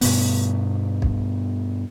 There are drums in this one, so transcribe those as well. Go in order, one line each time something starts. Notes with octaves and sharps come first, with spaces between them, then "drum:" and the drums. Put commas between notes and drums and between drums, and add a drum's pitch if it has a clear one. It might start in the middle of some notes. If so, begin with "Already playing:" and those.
G2 B2 B3, drum: open hi-hat
drum: kick B1